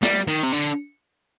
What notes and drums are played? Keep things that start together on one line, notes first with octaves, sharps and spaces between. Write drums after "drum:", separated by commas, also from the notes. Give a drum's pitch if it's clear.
G3, drum: snare
D#3
C3
D3